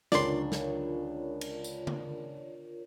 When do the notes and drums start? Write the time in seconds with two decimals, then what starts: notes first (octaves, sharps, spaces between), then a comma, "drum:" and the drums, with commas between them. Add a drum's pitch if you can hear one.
0.12 C#2 D3 D4 F4 A#4 C#5 D5 C6, drum: snare
0.52 drum: snare
1.41 drum: cymbal
1.64 drum: tambourine
1.87 drum: tom C#3